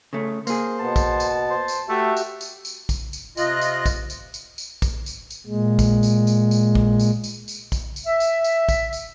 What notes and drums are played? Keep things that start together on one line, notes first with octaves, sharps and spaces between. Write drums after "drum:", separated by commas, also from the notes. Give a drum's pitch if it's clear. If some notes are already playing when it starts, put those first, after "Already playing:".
C#3 A3
A#3 G#4 C5, drum: tambourine
B2 B3 A5
drum: kick, tambourine
drum: tambourine
C5
drum: tambourine
A3 F#4 G4 E5
drum: tambourine
drum: tambourine
drum: tambourine
drum: kick, tambourine
drum: tambourine
C3 F4 D#5 F#6, drum: tambourine
drum: tambourine
drum: kick, tambourine
drum: tambourine
drum: tambourine
drum: tambourine
drum: kick, tambourine
drum: tambourine
drum: tambourine
A#2 G#3
drum: kick, tambourine
drum: tambourine
drum: tambourine
drum: tambourine
drum: kick
drum: tambourine
drum: tambourine
drum: tambourine
drum: kick, tambourine
drum: tambourine
E5
drum: tambourine
drum: tambourine
drum: kick, tambourine
drum: tambourine